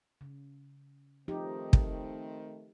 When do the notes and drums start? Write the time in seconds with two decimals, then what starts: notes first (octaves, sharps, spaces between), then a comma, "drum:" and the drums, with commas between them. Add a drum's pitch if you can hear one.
0.21 C#3
1.28 D#3 F3 A3 C4 D#4 G4
1.73 drum: kick